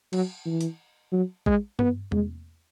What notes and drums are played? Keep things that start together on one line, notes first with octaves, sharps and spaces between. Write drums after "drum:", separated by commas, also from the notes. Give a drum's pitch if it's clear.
F#3, drum: cymbal
E3
drum: hi-hat
F#3
G#3, drum: kick
B3, drum: tom G2
G#3, drum: tom E2